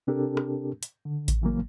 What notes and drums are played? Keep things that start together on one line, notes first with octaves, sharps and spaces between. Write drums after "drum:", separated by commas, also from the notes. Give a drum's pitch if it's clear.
C3 C4 D4 G4 A4 A#4
drum: rim click
drum: hi-hat
D3
drum: kick A1, hi-hat
C#3 E3 F#3 A#3